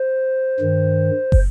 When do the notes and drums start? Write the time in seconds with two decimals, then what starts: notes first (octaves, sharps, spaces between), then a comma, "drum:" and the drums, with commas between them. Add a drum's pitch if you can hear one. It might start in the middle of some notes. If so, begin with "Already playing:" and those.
Already playing: C5
0.60 G2 D#3
1.32 drum: kick